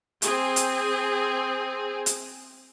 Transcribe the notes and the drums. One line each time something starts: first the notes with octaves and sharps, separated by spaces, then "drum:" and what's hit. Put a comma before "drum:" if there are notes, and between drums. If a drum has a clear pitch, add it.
C4 G#4, drum: hi-hat
drum: hi-hat
drum: hi-hat